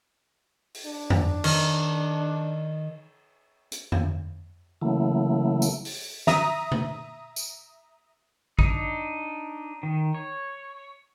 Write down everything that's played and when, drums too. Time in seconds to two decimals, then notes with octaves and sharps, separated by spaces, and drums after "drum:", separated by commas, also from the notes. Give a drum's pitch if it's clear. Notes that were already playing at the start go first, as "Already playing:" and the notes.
0.74 drum: open hi-hat
0.85 D4
1.10 drum: tom F2
1.44 D#3, drum: cymbal
3.72 drum: hi-hat
3.92 drum: tom F2
4.82 C#3 E3 F#3 A3 A#3 E4
5.62 drum: tambourine
5.85 drum: open hi-hat
6.27 E5 A#5 D#6, drum: snare
6.72 drum: tom B2
7.36 drum: tambourine
8.59 D4 D#4, drum: kick A1
9.83 D#3
10.15 C#5